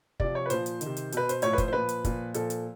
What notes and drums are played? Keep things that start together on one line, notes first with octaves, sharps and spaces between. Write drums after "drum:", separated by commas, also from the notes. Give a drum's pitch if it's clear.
C3 F3 D5, drum: kick
C#5
B4
A#2 F3 C5, drum: hi-hat
drum: hi-hat
D#3, drum: hi-hat
C3
drum: hi-hat
B2 B4, drum: hi-hat
C5, drum: hi-hat
A2 F3 C#5, drum: hi-hat
B4
C5, drum: kick, hi-hat
C5
A#2 F3 B4
drum: hi-hat
A#2 F3, drum: kick, hi-hat
A#2 F3 A4, drum: hi-hat
drum: hi-hat